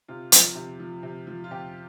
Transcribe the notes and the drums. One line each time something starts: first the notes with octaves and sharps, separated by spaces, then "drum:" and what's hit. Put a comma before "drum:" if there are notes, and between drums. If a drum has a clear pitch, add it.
C3 F4
F3, drum: hi-hat
C3
F3
C3
F3
F4
C3 G4